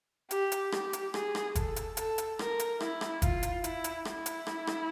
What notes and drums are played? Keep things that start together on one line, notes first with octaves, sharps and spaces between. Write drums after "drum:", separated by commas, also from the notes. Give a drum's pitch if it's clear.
G4, drum: hi-hat
drum: hi-hat
G4, drum: rim click
drum: hi-hat
G#4, drum: rim click
drum: rim click
A4, drum: kick, hi-hat
drum: hi-hat
A4, drum: hi-hat
drum: hi-hat
A#4, drum: rim click
drum: hi-hat
E4, drum: rim click
drum: rim click
F4, drum: kick, hi-hat
drum: hi-hat
E4, drum: hi-hat
drum: hi-hat
E4, drum: rim click
drum: hi-hat
drum: rim click
drum: rim click